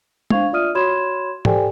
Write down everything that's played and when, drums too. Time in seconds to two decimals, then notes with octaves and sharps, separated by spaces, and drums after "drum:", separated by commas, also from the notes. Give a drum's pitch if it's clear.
0.30 D4 C5 F5 C#6 G#6 F7, drum: tom
0.53 F4 D5 E5 D#6 F6 D#7
0.75 F#4 C#5 B5 C6 G#6 E7
1.45 G4 A4 C5 D5 G5 G#5, drum: tom G#2